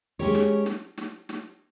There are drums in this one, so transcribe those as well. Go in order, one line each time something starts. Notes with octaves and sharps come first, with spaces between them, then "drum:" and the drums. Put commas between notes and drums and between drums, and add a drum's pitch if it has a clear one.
G#3 C#4 G4 A#4 C#5
drum: snare
drum: snare
drum: snare
drum: snare